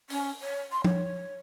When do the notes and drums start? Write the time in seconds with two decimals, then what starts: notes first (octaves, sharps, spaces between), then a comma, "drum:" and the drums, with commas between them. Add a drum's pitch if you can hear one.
0.10 C#4, drum: open hi-hat
0.41 C#5
0.72 C6
0.84 C#5, drum: tom F3